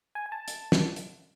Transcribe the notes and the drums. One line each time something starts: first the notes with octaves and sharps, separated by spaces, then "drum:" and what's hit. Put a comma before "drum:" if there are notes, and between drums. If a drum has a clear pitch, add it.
G#5
G#5
A5
drum: hi-hat
drum: snare
drum: hi-hat